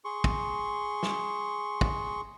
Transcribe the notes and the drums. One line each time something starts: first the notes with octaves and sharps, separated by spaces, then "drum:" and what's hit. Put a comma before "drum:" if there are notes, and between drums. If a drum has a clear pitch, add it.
G#4 C6 C#6
drum: kick
drum: snare
drum: kick